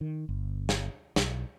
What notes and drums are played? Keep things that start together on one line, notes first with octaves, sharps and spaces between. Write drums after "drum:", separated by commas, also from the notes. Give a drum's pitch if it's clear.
D#3
G1
drum: snare
B1, drum: snare